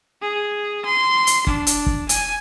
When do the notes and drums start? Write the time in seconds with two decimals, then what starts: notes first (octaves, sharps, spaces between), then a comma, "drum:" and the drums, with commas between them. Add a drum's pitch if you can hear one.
0.22 G#4
0.86 C6
1.27 drum: hi-hat
1.47 D4, drum: kick
1.67 drum: hi-hat
1.86 drum: kick
2.09 G#5, drum: hi-hat